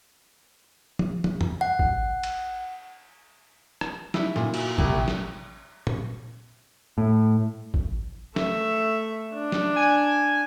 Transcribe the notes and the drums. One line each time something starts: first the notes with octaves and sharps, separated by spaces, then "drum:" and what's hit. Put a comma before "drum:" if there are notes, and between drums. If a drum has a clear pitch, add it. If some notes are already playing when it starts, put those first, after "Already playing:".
drum: tom
drum: tom
drum: tom F2
F#5
drum: kick A1
drum: cymbal
drum: rim click
E4, drum: snare
A#2, drum: snare
F#4, drum: cymbal
C2, drum: kick A1
drum: snare
drum: tom
A2
drum: kick A1
A3 E5, drum: snare
D4
drum: snare
G#5